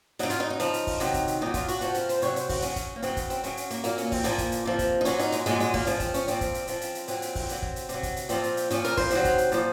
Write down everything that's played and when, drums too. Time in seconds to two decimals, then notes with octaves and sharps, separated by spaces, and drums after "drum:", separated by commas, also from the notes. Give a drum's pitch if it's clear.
0.19 C#3 F#3 D#4, drum: hi-hat
0.30 F4, drum: hi-hat
0.40 D#4
0.50 D#4
0.60 C#3 F3, drum: hi-hat
0.73 drum: hi-hat
0.87 drum: kick, open hi-hat
1.00 C3 D#3 F#3, drum: hi-hat
1.14 drum: kick, hi-hat
1.27 drum: hi-hat
1.41 A#2 F#3 D#4
1.54 F4, drum: kick, hi-hat
1.68 F#4, drum: hi-hat
1.81 C3 F3 F#4, drum: hi-hat
1.94 A#4, drum: hi-hat
2.09 C5, drum: hi-hat
2.22 C3 F#3 C#5, drum: hi-hat
2.36 C5, drum: hi-hat
2.49 F#4, drum: kick, open hi-hat
2.62 C#3 F#3 C#4, drum: hi-hat
2.76 drum: kick, hi-hat
2.96 A#3
3.02 C#3 F#3 C4, drum: hi-hat
3.17 drum: kick, hi-hat
3.30 C4, drum: hi-hat
3.44 C#3 F#3 C#4, drum: hi-hat
3.57 drum: hi-hat
3.70 A#3, drum: hi-hat
3.84 A#2 F#3 A#3, drum: hi-hat
3.98 C#4, drum: hi-hat
4.12 C4, drum: kick, open hi-hat
4.24 A#2 F3 A#3, drum: hi-hat
4.38 drum: kick, hi-hat
4.52 drum: hi-hat
4.66 C3 F3
4.79 drum: kick, hi-hat
5.01 D#4
5.05 A#2 F#3 C#4, drum: hi-hat
5.19 D#4, drum: hi-hat
5.32 G#3, drum: hi-hat
5.46 A#2 F#3 G#3, drum: hi-hat
5.60 G#3, drum: hi-hat
5.74 A#3, drum: kick, open hi-hat
5.86 C#3 F3 G#3, drum: hi-hat
6.00 C4, drum: kick, hi-hat
6.14 C#4, drum: hi-hat
6.28 A#2 F3 C4, drum: hi-hat
6.41 drum: kick, hi-hat
6.54 drum: hi-hat
6.67 C#3 F3, drum: hi-hat
6.81 drum: hi-hat
6.95 drum: hi-hat
7.08 A#2 F#3 C4, drum: hi-hat
7.22 drum: hi-hat
7.35 drum: kick, open hi-hat
7.49 C3 F#3, drum: hi-hat
7.62 drum: kick
7.76 drum: hi-hat
7.89 C3 F#3, drum: hi-hat
8.03 drum: kick, hi-hat
8.16 drum: hi-hat
8.29 A#2 F3 C4, drum: hi-hat
8.43 drum: hi-hat
8.57 drum: hi-hat
8.70 A#2 F3 C#4, drum: hi-hat
8.85 A#4, drum: hi-hat
8.97 C5, drum: kick, open hi-hat
9.10 C3 D#3 F#3, drum: hi-hat
9.25 drum: kick, hi-hat
9.38 drum: hi-hat
9.52 A#2 F3, drum: hi-hat